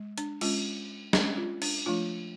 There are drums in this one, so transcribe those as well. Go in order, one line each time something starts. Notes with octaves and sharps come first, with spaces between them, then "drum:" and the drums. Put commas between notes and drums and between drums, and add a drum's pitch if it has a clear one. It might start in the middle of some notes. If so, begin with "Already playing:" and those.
Already playing: G#3
D4, drum: hi-hat
G#3 C#4 F4, drum: cymbal
G#3 C#4 D4, drum: snare
F4
D4, drum: cymbal
F3 A3 D4 F4